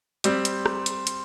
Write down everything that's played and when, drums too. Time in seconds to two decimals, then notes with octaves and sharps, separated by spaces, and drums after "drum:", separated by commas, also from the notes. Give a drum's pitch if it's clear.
0.24 G3 C4 G4, drum: hi-hat
0.45 drum: hi-hat
0.66 drum: rim click
0.86 drum: hi-hat
1.07 drum: hi-hat